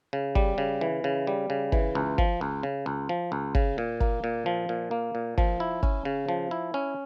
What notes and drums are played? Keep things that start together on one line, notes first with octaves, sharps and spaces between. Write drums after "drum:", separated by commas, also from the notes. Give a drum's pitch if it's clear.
C#3
G3, drum: kick
C#3
E3
C#3
G3
C#3
E3, drum: kick
C#2
F3, drum: kick
C#2
C#3
C#2
F3
C#2
C#3, drum: kick
A#2
A#3, drum: kick
A#2
F3
A#2
A#3
A#2
F3, drum: kick
E4
C#4, drum: kick
C#3
F3
E4
C#4